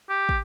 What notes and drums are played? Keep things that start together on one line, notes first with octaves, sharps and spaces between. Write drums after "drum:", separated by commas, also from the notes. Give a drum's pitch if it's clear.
G4
drum: kick